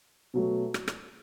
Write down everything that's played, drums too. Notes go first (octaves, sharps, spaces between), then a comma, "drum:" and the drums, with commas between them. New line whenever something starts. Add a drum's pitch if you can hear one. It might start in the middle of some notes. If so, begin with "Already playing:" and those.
B2 F#3 A3
drum: rim click
drum: rim click